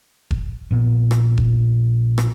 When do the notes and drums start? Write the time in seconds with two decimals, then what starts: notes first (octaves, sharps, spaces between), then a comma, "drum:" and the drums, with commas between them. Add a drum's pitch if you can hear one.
0.31 drum: kick E1
0.71 A#1 A#2 B3
1.11 drum: rim click
1.38 drum: kick E1
2.18 drum: rim click